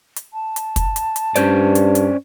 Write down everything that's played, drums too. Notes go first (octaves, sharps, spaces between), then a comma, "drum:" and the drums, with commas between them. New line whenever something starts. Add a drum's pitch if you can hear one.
drum: hi-hat
A5
drum: hi-hat
drum: kick, hi-hat
drum: hi-hat
drum: hi-hat
G2 C#4 C5 D5, drum: hi-hat
drum: hi-hat
drum: hi-hat